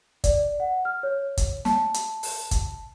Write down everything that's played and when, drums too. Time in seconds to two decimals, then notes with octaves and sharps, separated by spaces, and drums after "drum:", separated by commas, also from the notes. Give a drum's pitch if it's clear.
0.24 D5, drum: kick, hi-hat
0.60 F#5
0.85 F6
1.03 C#5
1.37 drum: kick, hi-hat
1.65 A5, drum: snare
1.94 drum: hi-hat
2.23 drum: open hi-hat
2.51 drum: kick, hi-hat